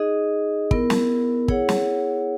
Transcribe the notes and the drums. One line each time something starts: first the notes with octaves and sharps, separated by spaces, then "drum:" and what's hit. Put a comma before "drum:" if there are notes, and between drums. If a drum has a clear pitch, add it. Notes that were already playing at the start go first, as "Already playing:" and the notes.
Already playing: D#4 G#4 D#5
B3 E4 A#4, drum: kick
drum: snare
E4 G#4 C#5 F#5, drum: kick
drum: snare